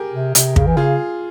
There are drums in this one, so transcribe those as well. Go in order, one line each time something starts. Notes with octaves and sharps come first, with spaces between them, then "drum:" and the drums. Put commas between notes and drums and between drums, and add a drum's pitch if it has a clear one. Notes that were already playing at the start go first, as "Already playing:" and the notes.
Already playing: G4 G#4 A#4
C3
C3, drum: hi-hat
C#3, drum: kick
E3
C#3 F4 G#4